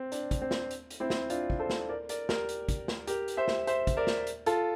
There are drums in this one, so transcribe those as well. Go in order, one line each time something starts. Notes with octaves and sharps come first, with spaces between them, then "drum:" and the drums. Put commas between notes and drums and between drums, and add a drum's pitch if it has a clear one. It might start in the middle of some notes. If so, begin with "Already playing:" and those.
Already playing: C4
D4, drum: hi-hat
drum: kick, hi-hat
C4
drum: snare
drum: hi-hat
drum: hi-hat
C4 E4
drum: snare
D4 F4, drum: hi-hat
drum: kick
A4 C5
drum: snare
A#4 D5
A#4 D5, drum: hi-hat
G4 A#4, drum: snare
drum: hi-hat
drum: kick, hi-hat
drum: snare
G4 A#4, drum: hi-hat
drum: hi-hat
C5 E5
drum: snare
C5 E5, drum: hi-hat
drum: kick, hi-hat
A#4 D5
drum: snare
drum: hi-hat
F4 A4, drum: hi-hat